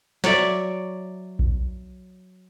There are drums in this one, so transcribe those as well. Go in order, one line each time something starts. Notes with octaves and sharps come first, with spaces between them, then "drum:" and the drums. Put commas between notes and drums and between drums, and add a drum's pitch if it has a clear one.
F#3 C#5 D5 E5, drum: snare
drum: kick A#1